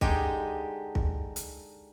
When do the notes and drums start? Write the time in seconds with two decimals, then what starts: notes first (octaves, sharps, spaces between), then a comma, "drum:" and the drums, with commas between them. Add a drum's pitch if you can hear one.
0.01 D3 G#3 D#4 G4, drum: kick
0.95 drum: kick
1.36 drum: hi-hat